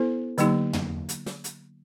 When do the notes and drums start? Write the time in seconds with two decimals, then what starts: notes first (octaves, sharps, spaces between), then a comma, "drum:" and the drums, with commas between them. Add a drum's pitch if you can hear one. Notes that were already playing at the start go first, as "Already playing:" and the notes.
Already playing: B3 E4 A4 C5
0.38 D3 F#3 A#3 D#4 G4, drum: hi-hat
0.73 drum: tom
1.09 drum: hi-hat
1.26 drum: snare
1.44 drum: hi-hat